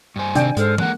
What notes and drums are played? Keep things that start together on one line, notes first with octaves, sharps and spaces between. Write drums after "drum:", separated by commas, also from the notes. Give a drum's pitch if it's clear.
G2 C5 G#5
C3 D#3 C4 D4 G5, drum: hi-hat
G#2 G#3 A4 C5 F6, drum: hi-hat
G#3 A#3 F#5 F#6, drum: tom